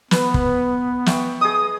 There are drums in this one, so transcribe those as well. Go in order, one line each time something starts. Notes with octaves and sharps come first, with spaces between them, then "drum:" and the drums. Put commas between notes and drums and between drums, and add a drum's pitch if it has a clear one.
B3 B4, drum: snare
drum: kick
E5 G5 C#6, drum: snare
G#4 D#5 D#6